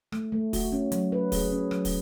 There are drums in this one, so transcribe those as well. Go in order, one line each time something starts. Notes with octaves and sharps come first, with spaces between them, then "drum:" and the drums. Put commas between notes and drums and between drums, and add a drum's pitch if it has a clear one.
A3, drum: rim click
A3
F#4, drum: kick, open hi-hat
C#4
F#3, drum: hi-hat
B4
G#4, drum: kick, open hi-hat
C#4
F#3, drum: rim click
drum: kick, open hi-hat